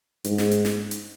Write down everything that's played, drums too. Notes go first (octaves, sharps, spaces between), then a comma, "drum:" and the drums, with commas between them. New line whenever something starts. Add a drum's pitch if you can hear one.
G#2, drum: hi-hat
drum: snare
drum: hi-hat
drum: snare
drum: hi-hat